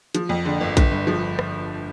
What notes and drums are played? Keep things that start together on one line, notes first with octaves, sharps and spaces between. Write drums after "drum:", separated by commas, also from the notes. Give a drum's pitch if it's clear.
F3, drum: hi-hat
F2
D3
G1
G1, drum: kick A#1, hi-hat
G2
F3
drum: rim click